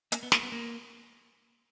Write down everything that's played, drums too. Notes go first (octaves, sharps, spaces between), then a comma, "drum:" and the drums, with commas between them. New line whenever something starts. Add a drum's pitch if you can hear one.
A#3, drum: hi-hat
B3
A#3, drum: snare
B3
A#3